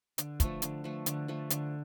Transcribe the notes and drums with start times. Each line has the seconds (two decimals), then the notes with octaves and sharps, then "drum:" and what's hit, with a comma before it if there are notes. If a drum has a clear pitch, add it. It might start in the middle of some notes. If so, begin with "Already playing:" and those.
0.18 D3, drum: hi-hat
0.40 F3 A3, drum: kick, hi-hat
0.62 D3, drum: hi-hat
0.84 F3 A3
1.06 D3, drum: hi-hat
1.28 F3 A3
1.50 D3, drum: hi-hat